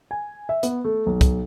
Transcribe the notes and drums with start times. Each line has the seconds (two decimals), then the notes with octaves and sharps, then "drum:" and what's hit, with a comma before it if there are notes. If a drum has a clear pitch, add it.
0.11 G#5
0.49 E5
0.63 B3, drum: hi-hat
0.84 A3
1.06 B1
1.21 drum: kick, hi-hat